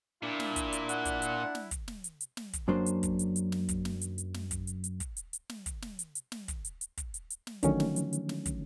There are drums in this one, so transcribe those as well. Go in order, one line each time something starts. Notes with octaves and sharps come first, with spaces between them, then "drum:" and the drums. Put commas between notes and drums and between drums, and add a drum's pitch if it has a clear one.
A#2 D4 E4
drum: snare
drum: kick, hi-hat
drum: hi-hat
F#5, drum: hi-hat
drum: kick, hi-hat
drum: hi-hat
drum: snare
drum: kick, hi-hat
drum: snare
drum: hi-hat
drum: hi-hat
drum: snare
drum: kick, hi-hat
F#2 F#3 A#3 D4 C5
drum: hi-hat
drum: kick, hi-hat
drum: hi-hat
drum: hi-hat
drum: snare
drum: kick, hi-hat
drum: snare
drum: hi-hat
drum: hi-hat
drum: snare
drum: kick, hi-hat
drum: hi-hat
drum: hi-hat
drum: kick, hi-hat
drum: hi-hat
drum: hi-hat
drum: snare
drum: kick, hi-hat
drum: snare
drum: hi-hat
drum: hi-hat
drum: snare
drum: kick, hi-hat
drum: hi-hat
drum: hi-hat
drum: kick, hi-hat
drum: hi-hat
drum: hi-hat
drum: snare
D3 D#3 F3 F#3 A3 C#4, drum: kick, hi-hat
drum: snare
drum: hi-hat
drum: hi-hat
drum: snare
drum: kick, hi-hat